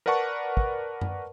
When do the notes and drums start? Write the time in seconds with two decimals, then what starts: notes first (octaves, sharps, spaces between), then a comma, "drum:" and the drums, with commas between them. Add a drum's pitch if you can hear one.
0.06 A#4 B4 D5 F#5 A5 C#6
0.57 drum: kick
1.01 drum: tom F#2